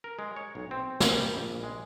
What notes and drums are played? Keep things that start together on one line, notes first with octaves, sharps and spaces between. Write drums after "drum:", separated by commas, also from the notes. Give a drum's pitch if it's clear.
A#4
G#3
C#5
B1
C4
B1, drum: snare
G3
A#1
G#3